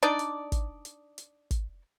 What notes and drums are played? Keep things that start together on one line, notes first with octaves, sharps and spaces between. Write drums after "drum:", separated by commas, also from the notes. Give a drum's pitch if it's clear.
D4 D#4 D5
drum: hi-hat
drum: kick, hi-hat
drum: hi-hat
drum: hi-hat
drum: kick, hi-hat